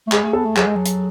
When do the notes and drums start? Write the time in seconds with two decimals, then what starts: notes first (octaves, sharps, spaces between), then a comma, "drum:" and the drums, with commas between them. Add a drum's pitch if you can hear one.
0.07 A3
0.12 G#3 G#4, drum: clap
0.23 A3
0.33 B3 A4
0.45 A3
0.57 F#3 G#4, drum: clap
0.66 G#3
0.76 F#3
0.86 drum: hi-hat